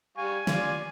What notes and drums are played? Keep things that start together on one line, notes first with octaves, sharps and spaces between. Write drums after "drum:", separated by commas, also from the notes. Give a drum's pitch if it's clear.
G3 F5 G#5 C#6
F4 D5, drum: snare